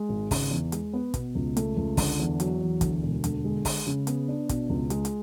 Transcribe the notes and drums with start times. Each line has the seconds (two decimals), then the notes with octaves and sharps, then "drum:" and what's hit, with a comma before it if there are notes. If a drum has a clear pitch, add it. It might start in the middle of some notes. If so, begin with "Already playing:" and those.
Already playing: G#3
0.09 G#1
0.31 C#3, drum: kick, open hi-hat
0.51 E2
0.72 G#3, drum: hi-hat
0.93 B3
1.14 B2, drum: kick, hi-hat
1.35 C#2
1.57 A3, drum: hi-hat
1.77 C#2
1.97 D3, drum: kick, open hi-hat
2.19 E2
2.40 F#3, drum: hi-hat
2.61 E2
2.81 D2, drum: kick, hi-hat
3.02 E1
3.24 D3, drum: hi-hat
3.44 G#3
3.65 G#3, drum: kick, open hi-hat
3.87 C#3
4.07 B3, drum: hi-hat
4.28 D4
4.49 B2, drum: kick, hi-hat
4.70 C#2
4.90 G#3, drum: hi-hat
5.05 drum: hi-hat